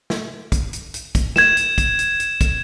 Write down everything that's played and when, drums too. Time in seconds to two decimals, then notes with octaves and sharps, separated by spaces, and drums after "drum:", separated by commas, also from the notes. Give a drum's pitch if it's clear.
0.10 drum: snare
0.52 drum: kick, hi-hat
0.73 drum: hi-hat
0.94 drum: hi-hat
1.15 drum: kick, hi-hat
1.36 G#6 E7, drum: snare
1.57 drum: hi-hat
1.78 drum: kick, hi-hat
1.99 drum: hi-hat
2.20 drum: hi-hat
2.41 drum: kick, hi-hat